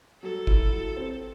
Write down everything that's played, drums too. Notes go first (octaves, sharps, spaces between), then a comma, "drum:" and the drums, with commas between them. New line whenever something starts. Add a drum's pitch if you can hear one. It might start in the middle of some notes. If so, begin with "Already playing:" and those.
F#3 A4
E4, drum: kick
F#3
C4